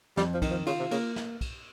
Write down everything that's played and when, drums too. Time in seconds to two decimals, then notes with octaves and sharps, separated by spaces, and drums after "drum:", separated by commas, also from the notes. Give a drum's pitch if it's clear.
0.17 F2 G3, drum: snare
0.34 F3
0.42 D#3, drum: kick, cymbal
0.50 F3
0.66 C#3 F4, drum: cymbal
0.79 C3
0.91 C#3 A#3, drum: cymbal
1.16 drum: snare
1.41 drum: kick, cymbal